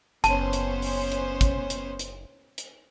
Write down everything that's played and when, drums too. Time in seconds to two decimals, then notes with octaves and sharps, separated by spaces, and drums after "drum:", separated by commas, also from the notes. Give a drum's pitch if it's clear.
0.24 F#1 B3 C#4 C5 A5, drum: hi-hat
0.53 drum: hi-hat
0.82 drum: open hi-hat
1.12 drum: hi-hat
1.41 drum: kick, hi-hat
1.70 drum: hi-hat
1.99 drum: hi-hat
2.58 drum: hi-hat